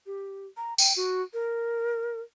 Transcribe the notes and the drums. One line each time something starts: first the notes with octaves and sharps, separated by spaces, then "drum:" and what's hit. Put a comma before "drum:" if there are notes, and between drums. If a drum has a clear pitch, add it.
G4
A#5
G5, drum: tambourine
F#4
A#4